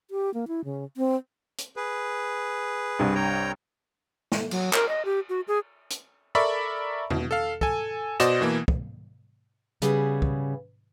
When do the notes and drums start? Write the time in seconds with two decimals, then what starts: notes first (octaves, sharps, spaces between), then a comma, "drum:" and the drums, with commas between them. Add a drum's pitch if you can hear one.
0.11 G4
0.34 A#3
0.48 E4
0.65 C#3
0.97 C4
1.58 drum: hi-hat
1.76 G#4 B4
2.99 C2 G2
3.15 C#5 G5 A#5
4.32 drum: snare
4.51 F#3, drum: cymbal
4.73 A#4, drum: clap
4.89 D#5
5.05 G4
5.29 F#4
5.48 G#4
5.90 drum: hi-hat
6.35 A4 A#4 D5 E5 B5 C#6
7.10 B2, drum: tom E2
7.31 A4 F5
7.61 A4 G#5, drum: kick
8.20 B2 F#4 C5 D5 D#5 E7, drum: hi-hat
8.41 B2 E3 A#3
8.68 drum: kick
9.82 C#3 G3 B3 G#4, drum: hi-hat
10.22 drum: kick